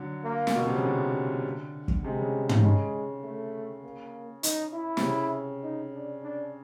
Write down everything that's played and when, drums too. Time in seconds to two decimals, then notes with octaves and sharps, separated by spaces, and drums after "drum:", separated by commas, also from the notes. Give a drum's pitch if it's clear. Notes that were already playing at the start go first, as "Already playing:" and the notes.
Already playing: D3 F#3
0.24 A#3
0.47 A#2, drum: snare
0.55 B2
0.66 C3
0.75 C#3
0.84 D3
1.88 drum: kick
2.04 C3 G#3
2.19 C#3
2.49 D#3, drum: tom
2.63 C#3 G#3
3.24 A3
3.83 A#3
4.43 D#4, drum: hi-hat
4.73 E4
4.97 C3, drum: snare
5.03 C#3
5.63 D#4
5.93 D4
6.23 D4